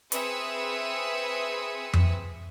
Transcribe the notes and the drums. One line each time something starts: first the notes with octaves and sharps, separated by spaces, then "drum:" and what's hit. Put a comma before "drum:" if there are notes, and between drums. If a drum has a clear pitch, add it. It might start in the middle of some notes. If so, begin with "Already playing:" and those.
C4 G#4 B4 E5 D#6 C#7, drum: hi-hat
drum: tom F2